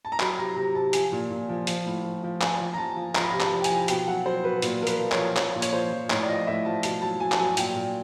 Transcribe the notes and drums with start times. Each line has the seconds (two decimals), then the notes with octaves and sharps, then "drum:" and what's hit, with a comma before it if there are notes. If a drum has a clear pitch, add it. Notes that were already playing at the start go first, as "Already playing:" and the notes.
0.05 A5
0.12 A#5
0.20 F#3 B5, drum: clap
0.38 C3 A#5
0.56 C3 A#5
0.75 C3 A5
0.93 F3 G#5, drum: hi-hat
1.12 A#2
1.31 A#2
1.49 F3
1.67 F3, drum: hi-hat
1.86 A2
2.04 F3
2.23 F3
2.41 F3 G#5, drum: clap
2.60 F3
2.73 A#5
2.78 F3 A5
2.96 F3
3.15 F3 A#5, drum: clap
3.23 B5
3.29 A#5
3.33 C3
3.40 A5, drum: clap
3.52 F3
3.60 G5
3.64 G#5, drum: hi-hat
3.70 F3
3.88 B2 G5, drum: hi-hat
4.07 F#3 F#5
4.26 F#3 C5
4.44 B2 B4
4.62 A#2, drum: hi-hat
4.81 F3 A#4
4.87 B4, drum: hi-hat
5.00 F3
5.12 C#5, drum: clap
5.18 F3
5.36 F3 C#5, drum: clap
5.55 A#2
5.62 C#5, drum: hi-hat
5.73 F3 C5
5.92 F3
6.10 A2 C#5, drum: clap
6.22 D5
6.28 F3 D#5
6.47 A2 E5
6.65 F3 A5
6.83 B2 A5, drum: hi-hat
7.02 F#3 A5
7.20 F#3 G#5
7.32 A5, drum: clap
7.39 F#3 G#5
7.57 A#2 G5, drum: hi-hat
7.76 A#2